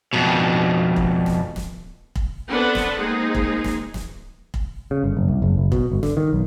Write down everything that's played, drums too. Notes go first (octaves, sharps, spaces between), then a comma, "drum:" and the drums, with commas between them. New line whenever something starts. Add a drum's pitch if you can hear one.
F2 B2
drum: kick
drum: snare
drum: snare
drum: kick
B3 C4 D4 A4 B4 F#5
drum: snare
G#3 A#3 C4 D#4 G#4
drum: kick
drum: snare
drum: snare
drum: kick
C#3
G1
F#1
C2
F#1
F#1
B2, drum: kick
G1
D3, drum: snare
D#3
B1